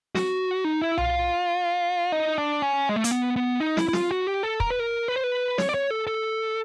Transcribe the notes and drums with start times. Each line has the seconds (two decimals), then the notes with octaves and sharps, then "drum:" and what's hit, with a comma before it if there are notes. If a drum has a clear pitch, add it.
0.15 F#4, drum: snare
0.64 D#4
0.81 E4
0.98 F4, drum: tom B1
2.12 D#4
2.38 D4
2.62 C#4
2.89 G#3
2.96 A3
3.04 A#3, drum: hi-hat
3.11 B3
3.36 B3
3.60 D#4
3.77 E4, drum: snare
3.89 E4
3.93 F4, drum: snare
4.11 F#4
4.27 G4
4.43 A4
4.60 A#4, drum: kick
4.70 B4
4.80 A#4
5.08 B4
5.16 C5
5.24 B4
5.58 C#5, drum: snare
5.69 D5
5.74 C#5
5.90 A4
6.07 A4